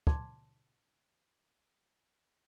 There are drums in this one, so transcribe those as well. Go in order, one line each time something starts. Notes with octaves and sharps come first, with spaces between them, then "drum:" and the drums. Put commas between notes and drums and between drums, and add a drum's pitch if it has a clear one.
A5 C6 D6 G#6, drum: kick